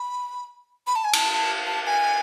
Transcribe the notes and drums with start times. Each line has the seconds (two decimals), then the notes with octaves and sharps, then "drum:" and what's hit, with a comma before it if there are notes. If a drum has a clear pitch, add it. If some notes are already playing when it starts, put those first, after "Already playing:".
Already playing: B5
0.87 B5
0.96 A5
1.05 G#5
1.13 A5, drum: cymbal
1.66 A5
1.86 G#5